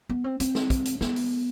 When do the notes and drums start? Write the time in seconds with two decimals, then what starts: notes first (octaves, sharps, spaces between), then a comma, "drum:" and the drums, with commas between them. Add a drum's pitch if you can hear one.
0.09 B3
0.24 C4
0.40 C4, drum: hi-hat
0.55 drum: snare
0.70 drum: kick, hi-hat
0.85 drum: hi-hat
1.01 B3, drum: snare
1.16 drum: open hi-hat